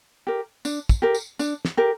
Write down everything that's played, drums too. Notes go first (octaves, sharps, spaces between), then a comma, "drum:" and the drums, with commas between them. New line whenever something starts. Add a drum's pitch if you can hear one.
G4 A#4
D4, drum: tambourine
drum: kick, tambourine
G4 A#4
drum: tambourine
D4, drum: tambourine
drum: snare
G4 A#4